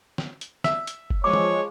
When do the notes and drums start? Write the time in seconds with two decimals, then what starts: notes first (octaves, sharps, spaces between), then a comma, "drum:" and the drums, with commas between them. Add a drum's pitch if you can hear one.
0.18 drum: snare
0.41 drum: hi-hat
0.64 E5, drum: snare
0.87 drum: hi-hat
1.10 drum: kick F#1
1.24 F3 G#3 C#5 D6
1.33 drum: tom